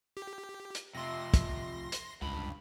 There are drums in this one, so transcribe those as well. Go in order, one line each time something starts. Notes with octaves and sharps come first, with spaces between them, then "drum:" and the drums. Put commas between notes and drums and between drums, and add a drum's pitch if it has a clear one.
G4
drum: hi-hat
F2 C3 C6 A#6
drum: kick, hi-hat
drum: hi-hat
C#2 G2 B5